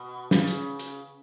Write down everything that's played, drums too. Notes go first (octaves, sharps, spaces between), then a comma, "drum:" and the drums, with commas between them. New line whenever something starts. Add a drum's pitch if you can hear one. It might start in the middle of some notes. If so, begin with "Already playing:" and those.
Already playing: B2
C#3, drum: snare
drum: hi-hat
drum: hi-hat